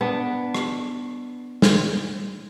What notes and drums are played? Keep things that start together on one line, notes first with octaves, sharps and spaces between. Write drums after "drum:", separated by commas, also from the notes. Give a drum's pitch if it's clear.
B3 D4
drum: rim click
drum: snare